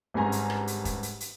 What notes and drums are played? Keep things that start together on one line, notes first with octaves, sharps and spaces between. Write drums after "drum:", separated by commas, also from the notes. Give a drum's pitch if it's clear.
G#1 G2 C#4 G#5 A#5
drum: hi-hat
drum: rim click
drum: hi-hat
drum: kick, hi-hat
drum: hi-hat
drum: hi-hat